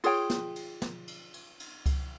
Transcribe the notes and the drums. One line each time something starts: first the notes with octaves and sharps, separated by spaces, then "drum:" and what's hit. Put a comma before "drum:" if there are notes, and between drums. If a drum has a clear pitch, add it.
F4 G#4 C#5 G5, drum: cymbal
drum: snare
drum: cymbal
drum: snare
drum: cymbal
drum: cymbal
drum: cymbal
drum: kick C#2, cymbal